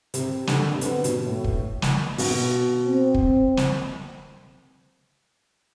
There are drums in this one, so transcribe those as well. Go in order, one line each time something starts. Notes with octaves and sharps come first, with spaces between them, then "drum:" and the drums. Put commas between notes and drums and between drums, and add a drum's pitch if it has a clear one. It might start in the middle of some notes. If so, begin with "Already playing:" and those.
C3, drum: hi-hat
D3, drum: snare
C3
D3 B3, drum: hi-hat
B2, drum: hi-hat
A2
drum: kick
drum: snare
B2, drum: open hi-hat
C4
drum: kick
drum: snare